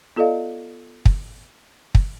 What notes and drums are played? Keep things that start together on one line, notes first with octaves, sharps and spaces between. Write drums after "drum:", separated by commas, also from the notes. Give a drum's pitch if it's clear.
B3 F4 A4 D5 D#5 F5
drum: kick
drum: kick